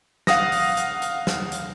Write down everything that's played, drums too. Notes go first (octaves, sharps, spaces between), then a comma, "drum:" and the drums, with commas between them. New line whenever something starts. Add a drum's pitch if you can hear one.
F5 F#5 D#6 A#6, drum: snare
drum: open hi-hat
drum: hi-hat
drum: hi-hat
drum: snare
drum: hi-hat